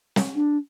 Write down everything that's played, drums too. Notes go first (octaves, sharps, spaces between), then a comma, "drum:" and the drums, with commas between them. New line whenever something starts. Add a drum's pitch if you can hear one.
drum: snare
D4